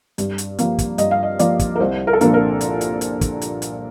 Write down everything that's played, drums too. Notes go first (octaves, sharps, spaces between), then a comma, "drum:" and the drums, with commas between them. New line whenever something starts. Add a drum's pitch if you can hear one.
G2, drum: hi-hat
drum: hi-hat
F3 A#3, drum: hi-hat
drum: kick, hi-hat
G2 D#5, drum: hi-hat
F5
D#5
F3 A#3 D5, drum: hi-hat
drum: kick, hi-hat
A#4
C2 C5
A#4
A4
A#2 F3 A#3 D4 A#4, drum: hi-hat
A#4
drum: hi-hat
drum: hi-hat
drum: hi-hat
drum: kick, hi-hat
drum: hi-hat
drum: hi-hat